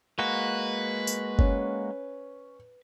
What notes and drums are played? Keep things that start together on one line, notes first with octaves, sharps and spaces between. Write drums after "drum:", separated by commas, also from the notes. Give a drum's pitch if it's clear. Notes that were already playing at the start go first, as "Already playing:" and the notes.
G#3 A#3 F#4 B4
drum: tambourine
C#4, drum: kick G1